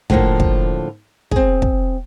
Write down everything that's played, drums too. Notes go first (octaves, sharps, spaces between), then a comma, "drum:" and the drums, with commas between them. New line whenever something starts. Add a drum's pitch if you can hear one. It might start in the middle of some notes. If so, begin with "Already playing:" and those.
A2 D3 F3 A3 A#3, drum: kick
drum: kick
C4 G#4, drum: kick
drum: kick